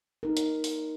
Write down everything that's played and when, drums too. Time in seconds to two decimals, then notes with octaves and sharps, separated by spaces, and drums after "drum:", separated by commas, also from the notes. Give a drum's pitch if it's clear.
0.23 D#4 A#4
0.37 drum: hi-hat
0.64 drum: open hi-hat